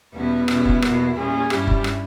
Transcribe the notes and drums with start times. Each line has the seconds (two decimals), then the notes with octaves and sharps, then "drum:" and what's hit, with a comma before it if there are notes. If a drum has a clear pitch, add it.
0.14 E2 B2 G3 B3 C#4 E4
0.48 B2 G3 C#4 E4, drum: rim click
0.65 drum: kick F1
0.82 E2 B2 A#3 E4, drum: rim click
1.16 A#2 G3 C#4 G#4
1.50 G2 G3 C#4 E4 G4, drum: rim click
1.67 drum: kick F1
1.84 drum: rim click